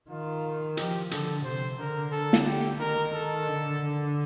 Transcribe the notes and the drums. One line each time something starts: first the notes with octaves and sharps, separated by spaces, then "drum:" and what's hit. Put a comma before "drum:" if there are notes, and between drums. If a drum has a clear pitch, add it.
D#3 F4
F3 G4, drum: hi-hat
D3 A4, drum: hi-hat
C3 C5
D3 A#4
A4
drum: snare
G4
D#3 A#4
A4
D3